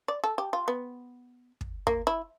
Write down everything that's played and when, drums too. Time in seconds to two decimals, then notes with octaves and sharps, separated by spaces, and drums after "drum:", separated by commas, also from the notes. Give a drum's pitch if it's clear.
0.08 D5
0.24 A4
0.38 G4
0.53 F4
0.68 B3
1.61 drum: kick
1.87 A#3, drum: kick
2.07 E4